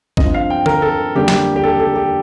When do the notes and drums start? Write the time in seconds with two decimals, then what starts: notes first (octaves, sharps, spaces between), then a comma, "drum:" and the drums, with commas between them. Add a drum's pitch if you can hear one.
0.17 G2 F3 C4 D#5, drum: kick A1
0.34 F5
0.50 G5
0.66 A#4, drum: tom D3
0.82 A4
1.15 F2 D3 G3 A#3 G4
1.28 drum: snare
1.56 G4
1.64 A4
1.79 A4
1.96 G4